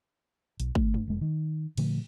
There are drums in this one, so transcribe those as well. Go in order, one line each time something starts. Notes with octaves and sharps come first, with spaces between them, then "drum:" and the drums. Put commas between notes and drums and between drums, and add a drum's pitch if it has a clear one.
B1, drum: hi-hat
A3, drum: kick
drum: tom F#2
F1 G#3
D#3
A#2 D3 F3 A3, drum: cymbal